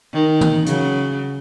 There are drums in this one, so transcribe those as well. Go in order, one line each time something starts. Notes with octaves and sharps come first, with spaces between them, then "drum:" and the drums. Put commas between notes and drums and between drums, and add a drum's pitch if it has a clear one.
D#3
drum: tom
C#3 F#3, drum: hi-hat